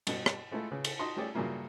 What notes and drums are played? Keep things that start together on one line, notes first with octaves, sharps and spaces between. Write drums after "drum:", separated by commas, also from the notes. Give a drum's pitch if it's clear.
G2 B2, drum: cymbal
drum: rim click
G#3 A3 E4 F4 A4
C#3 B4
drum: cymbal
D#4 F#4 D#5 A5 C6
G3 A3 C#4 G4 G#4 D5
G2 A#2 C#3 F#3 A#3 E4